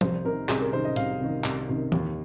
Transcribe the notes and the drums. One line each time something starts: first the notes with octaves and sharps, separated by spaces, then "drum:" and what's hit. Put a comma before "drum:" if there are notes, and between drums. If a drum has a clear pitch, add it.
C2 C5, drum: tom F3
C3 D#3 A#4
C2 G#4, drum: clap
A#4
C3 D#3 C5
D#5
C2 F5, drum: hi-hat
C3 D#3
C2, drum: clap
C3 D#3
D#2, drum: tom E3